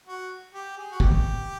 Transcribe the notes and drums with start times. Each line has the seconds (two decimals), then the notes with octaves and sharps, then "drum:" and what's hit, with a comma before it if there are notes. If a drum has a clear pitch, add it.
0.07 F#4
0.54 G4
0.77 G#4
0.92 F#4
1.00 G4, drum: kick